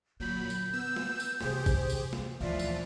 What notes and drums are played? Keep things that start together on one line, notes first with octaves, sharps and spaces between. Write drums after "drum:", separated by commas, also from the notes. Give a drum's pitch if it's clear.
A#2 D3 F#3 B5 G6
drum: tambourine
B3 E6
drum: snare A3
drum: tambourine
C3 E3 G4 G#4 C5, drum: snare A3
drum: kick, tambourine
drum: tambourine
drum: snare A3
D2 G2 A#2 E3 F3 F4 D5 E5
drum: tambourine